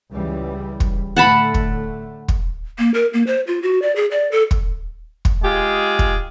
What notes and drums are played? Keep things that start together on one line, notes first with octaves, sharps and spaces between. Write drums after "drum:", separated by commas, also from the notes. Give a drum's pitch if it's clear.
C#2 E3 G3
drum: kick
A2 D3 A3 F#5 A5 B5
drum: kick
drum: kick
A#3
A#4
A#3
C5
F4
F#4
D5
G#4
D5
A4
drum: kick
drum: kick
G#3 F4 G4 G#4
drum: kick